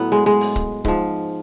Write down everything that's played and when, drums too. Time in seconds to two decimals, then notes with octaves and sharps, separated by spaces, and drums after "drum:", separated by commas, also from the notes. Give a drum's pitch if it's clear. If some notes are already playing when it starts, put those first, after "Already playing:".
Already playing: A2 F#3 B3
0.12 G#3
0.26 G#3
0.41 drum: open hi-hat
0.56 drum: kick
0.85 G#2 F3, drum: kick